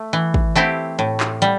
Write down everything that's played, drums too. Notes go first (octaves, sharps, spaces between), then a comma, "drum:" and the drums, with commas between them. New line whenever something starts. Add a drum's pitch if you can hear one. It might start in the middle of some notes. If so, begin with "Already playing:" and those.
Already playing: A3
E3
drum: kick
A3 C4 E4 G4
A2
drum: clap
G3